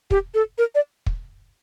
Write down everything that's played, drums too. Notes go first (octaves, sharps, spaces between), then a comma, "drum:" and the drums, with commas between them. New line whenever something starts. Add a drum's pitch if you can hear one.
G4, drum: kick
A4
A#4
D5
drum: kick